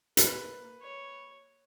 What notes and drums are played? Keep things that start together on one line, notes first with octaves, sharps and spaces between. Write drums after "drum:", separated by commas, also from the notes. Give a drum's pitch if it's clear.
A#3 B4, drum: hi-hat
C#5